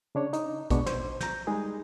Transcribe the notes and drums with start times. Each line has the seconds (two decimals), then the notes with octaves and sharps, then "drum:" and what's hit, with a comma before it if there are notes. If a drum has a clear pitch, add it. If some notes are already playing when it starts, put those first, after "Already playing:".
0.15 C#3 D4 C#5
0.33 D#4, drum: hi-hat
0.70 B2 G#3 B3 D4 C#6, drum: kick, hi-hat
0.86 C5, drum: snare
1.21 A#5 G6, drum: snare
1.47 G3 G#3 D#4 G#4